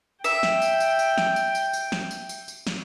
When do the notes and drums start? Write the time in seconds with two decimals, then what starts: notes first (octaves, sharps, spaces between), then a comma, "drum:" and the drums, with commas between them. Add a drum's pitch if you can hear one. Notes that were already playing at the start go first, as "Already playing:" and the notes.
0.24 E5 G5, drum: tambourine
0.43 drum: snare
0.62 drum: tambourine
0.80 drum: tambourine
0.99 drum: tambourine
1.18 drum: snare
1.36 drum: tambourine
1.55 drum: tambourine
1.73 drum: tambourine
1.92 drum: snare
2.11 drum: tambourine
2.29 drum: tambourine
2.48 drum: tambourine
2.67 drum: snare